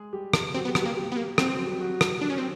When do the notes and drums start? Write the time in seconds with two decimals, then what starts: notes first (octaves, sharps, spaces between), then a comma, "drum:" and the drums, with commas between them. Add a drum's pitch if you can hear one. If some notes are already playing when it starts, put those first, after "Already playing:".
Already playing: G#3 G#4
0.13 G3 G4
0.33 F3 F4, drum: rim click
0.54 F#3 C4 F#4
0.65 B3
0.68 G3 G4
0.75 B3, drum: rim click
0.82 G3 G4
0.86 A#3
0.97 G3 G4
1.12 B3
1.17 G3 A#3 G4
1.38 F#3 C4 F#4, drum: rim click
1.52 F#3 F#4
1.66 G3 G4
1.80 F#3 F#4
2.01 drum: rim click
2.21 D4
2.30 C#4
2.38 C4